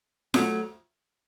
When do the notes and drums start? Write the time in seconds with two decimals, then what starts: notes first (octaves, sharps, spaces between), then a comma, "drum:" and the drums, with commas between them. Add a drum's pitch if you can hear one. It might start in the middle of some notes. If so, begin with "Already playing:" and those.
0.34 F#3 A3, drum: snare F4